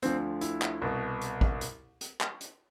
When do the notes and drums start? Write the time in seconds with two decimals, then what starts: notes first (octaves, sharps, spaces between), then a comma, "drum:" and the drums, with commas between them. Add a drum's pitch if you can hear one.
0.02 D2 D3 F3 C4, drum: hi-hat
0.41 E4, drum: hi-hat
0.62 drum: clap
0.82 C2 B2
1.21 drum: hi-hat
1.41 drum: kick
1.61 drum: hi-hat
2.01 drum: hi-hat
2.21 drum: clap
2.41 drum: hi-hat